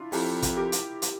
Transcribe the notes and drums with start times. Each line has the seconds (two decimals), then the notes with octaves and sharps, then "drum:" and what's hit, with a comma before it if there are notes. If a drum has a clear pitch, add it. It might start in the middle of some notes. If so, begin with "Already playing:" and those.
Already playing: D4 E4 F4
0.12 F2 E4 G4, drum: open hi-hat
0.42 drum: kick, hi-hat
0.57 G4 A#4
0.72 drum: hi-hat
1.02 drum: hi-hat